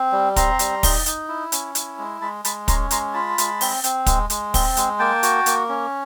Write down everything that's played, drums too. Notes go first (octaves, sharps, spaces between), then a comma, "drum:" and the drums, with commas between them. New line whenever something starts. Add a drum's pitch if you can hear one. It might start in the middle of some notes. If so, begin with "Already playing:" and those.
Already playing: C4
G3
C4 A#5 C6, drum: kick, hi-hat
G3, drum: hi-hat
D#4, drum: kick, open hi-hat
D#4, drum: hi-hat
E4
C#4, drum: hi-hat
E4, drum: hi-hat
G#3
G#3 A5 B5
G#3 A5 B5, drum: hi-hat
C#4 A#5 C6, drum: kick, hi-hat
G#3 A#5 C6, drum: hi-hat
F4 A5 B5
G#3, drum: hi-hat
C4, drum: open hi-hat
C4, drum: hi-hat
G#3, drum: kick, hi-hat
G#3, drum: hi-hat
C4, drum: kick, open hi-hat
G#3, drum: hi-hat
A#3 G5 A5
F#4, drum: hi-hat
A#3, drum: hi-hat
C#4